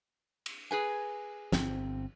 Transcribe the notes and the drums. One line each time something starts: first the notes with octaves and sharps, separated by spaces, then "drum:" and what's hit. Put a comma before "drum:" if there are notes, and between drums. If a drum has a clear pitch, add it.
drum: cymbal
G#4 B4 G#5
G1 C4, drum: snare